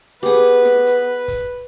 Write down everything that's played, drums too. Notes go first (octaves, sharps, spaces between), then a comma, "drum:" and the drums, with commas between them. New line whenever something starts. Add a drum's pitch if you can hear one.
B3 G4 G#4 B4
drum: hi-hat
drum: snare
drum: hi-hat
drum: kick, hi-hat